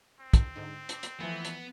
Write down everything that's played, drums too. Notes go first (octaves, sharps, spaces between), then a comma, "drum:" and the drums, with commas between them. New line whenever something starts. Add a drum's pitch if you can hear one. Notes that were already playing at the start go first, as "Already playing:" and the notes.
C4
drum: kick, hi-hat
G#2 D3 D#4
D6 E6 A#6, drum: hi-hat
drum: hi-hat
E3 F3 A3 B3
drum: hi-hat